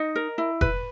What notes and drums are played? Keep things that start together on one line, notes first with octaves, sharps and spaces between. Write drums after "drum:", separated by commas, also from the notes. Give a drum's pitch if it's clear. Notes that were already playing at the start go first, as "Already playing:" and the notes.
Already playing: D#4 D#5
A#4
E4
B4, drum: kick F1